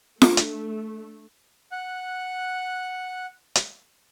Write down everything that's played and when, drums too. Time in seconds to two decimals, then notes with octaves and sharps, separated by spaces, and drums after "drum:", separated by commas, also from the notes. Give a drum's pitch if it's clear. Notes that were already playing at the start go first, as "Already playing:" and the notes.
0.22 A3 D4, drum: snare F4
0.37 drum: hi-hat
1.72 F#5 F#6
3.55 drum: hi-hat